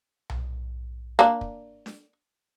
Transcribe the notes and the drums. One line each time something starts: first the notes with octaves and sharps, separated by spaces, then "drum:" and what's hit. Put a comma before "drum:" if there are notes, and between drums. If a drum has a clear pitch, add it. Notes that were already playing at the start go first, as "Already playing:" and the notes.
drum: tom B1
A#3 D4
drum: kick
drum: snare D4